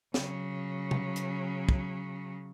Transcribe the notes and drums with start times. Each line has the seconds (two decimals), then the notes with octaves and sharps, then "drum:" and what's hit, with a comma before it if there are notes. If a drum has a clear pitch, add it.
0.14 C#3 F#3, drum: snare
0.91 drum: tom C3
1.16 drum: hi-hat
1.69 drum: kick